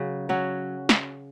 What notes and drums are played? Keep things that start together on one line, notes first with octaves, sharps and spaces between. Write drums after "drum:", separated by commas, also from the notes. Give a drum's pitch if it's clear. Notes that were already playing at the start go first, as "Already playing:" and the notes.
Already playing: C#3 F#3 C#4 F#4
F#3 C#4 F#4
drum: snare